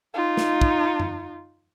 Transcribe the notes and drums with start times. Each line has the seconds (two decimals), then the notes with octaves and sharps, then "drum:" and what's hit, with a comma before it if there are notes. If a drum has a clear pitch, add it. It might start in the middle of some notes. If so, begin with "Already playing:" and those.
0.14 D#4 F4
0.37 drum: snare
0.61 drum: kick
1.00 drum: tom F#2